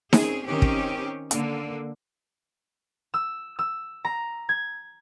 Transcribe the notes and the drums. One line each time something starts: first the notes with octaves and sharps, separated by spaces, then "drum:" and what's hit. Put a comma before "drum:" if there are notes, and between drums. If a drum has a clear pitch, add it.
C4 C#4 G#4, drum: snare D#4
D#3 C4 C#4 G4
drum: kick
D3 A#3, drum: hi-hat
E6
E6
A#5
G#6